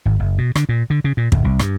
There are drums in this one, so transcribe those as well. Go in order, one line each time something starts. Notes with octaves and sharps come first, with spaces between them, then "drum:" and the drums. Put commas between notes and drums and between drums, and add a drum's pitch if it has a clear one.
G#1
F#1
B2
D3, drum: rim click
A#2
D3
C#3
A#2
D1, drum: kick
C2
G2, drum: rim click